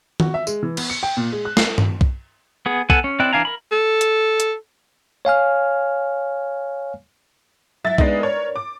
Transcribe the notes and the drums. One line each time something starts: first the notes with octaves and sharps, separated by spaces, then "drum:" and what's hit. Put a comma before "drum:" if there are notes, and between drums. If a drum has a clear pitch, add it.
F#4, drum: tom D#3
E5
G#3, drum: tambourine
E3
B3, drum: cymbal
C#7
G5
A#2
G#3
F#6
C7, drum: snare
drum: tom G2
drum: kick
B3 G#4
B3 A4 F#5 G#5, drum: kick
C#4
C4 E4 D5 G5 F#6
E3 D4 F5 G#5 A#5
A#4 B5
A4
drum: hi-hat
drum: hi-hat
C#5 F5 G#5 F6
F#3 E4 E5 A6
G#3 B3 D4 D#4 B4 D5, drum: kick
A#4 C#5
D6